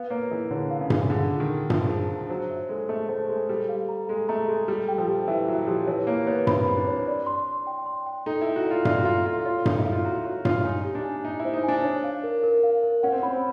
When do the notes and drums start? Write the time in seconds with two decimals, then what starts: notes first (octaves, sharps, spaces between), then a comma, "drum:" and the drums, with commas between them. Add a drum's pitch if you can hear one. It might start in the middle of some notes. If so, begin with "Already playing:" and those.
Already playing: B3 F5
0.10 A#3 C#5
0.31 E3 G#4
0.51 D3 C#5
0.71 F5
0.81 C#3
0.90 G#4, drum: tom G2
1.10 D3 D4
1.30 F4
1.40 D#3
1.50 G#4
1.70 F3 G#4, drum: tom G2
1.90 F4
2.10 D4
2.30 F#3 C5
2.50 E5
2.69 G#3 A4
2.89 A3 A4
3.09 A3 C5
3.29 G#3 A4
3.49 G3 A4
3.69 F5
3.89 A#5
4.08 G#3 A4
4.29 A3 A#5
4.48 G#3 A4
4.68 G3 G4
4.88 G5
4.98 F3
5.09 G4
5.28 E3 E5
5.48 F#3 E5
5.67 F3 G4
5.87 E3 C#5
6.07 A#3 C#5
6.27 B3 C#5
6.47 C4 B5, drum: tom G2
6.67 B5
6.77 D4
6.87 C#5
7.07 D5
7.26 C6
7.46 D5
7.67 G5
7.86 C6
8.06 G5
8.26 D#4 A4
8.42 E4 A#5
8.56 F#4
8.66 F4 D5
8.85 F4 D5, drum: tom G2
8.98 F#4
9.05 F4 A#5
9.25 F4 A4
9.45 F4 C#5
9.66 D#4 C#5, drum: tom G2
9.79 E4
9.85 F5
9.92 F4
10.05 F#4 A#5
10.25 F#4 C#5
10.45 F4 C#5, drum: tom G2
10.64 D#4 G#5
10.85 G4
10.95 D4
11.04 G#5
11.24 D#4 E5
11.40 E4
11.45 C5
11.54 D#4
11.64 D4 G#5
11.84 C#5
12.04 F5
12.24 A#4
12.44 A#4
12.63 F5
12.83 A#4
13.03 C#4 F#5
13.12 C4
13.23 C#4 B5
13.33 C4